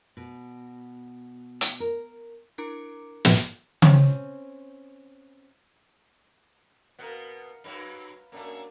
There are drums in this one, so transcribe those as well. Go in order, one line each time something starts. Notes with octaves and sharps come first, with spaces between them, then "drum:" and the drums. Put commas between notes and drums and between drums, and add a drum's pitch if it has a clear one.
B2
drum: hi-hat
A#4
D4 E4 A#4 A#5 D6 C#7
drum: snare
C4 C#4, drum: tom C#3
B2 B3 A#4 F5 F#5
G2 F#3 B4 F5
F#2 A3 A#3 D4 A#4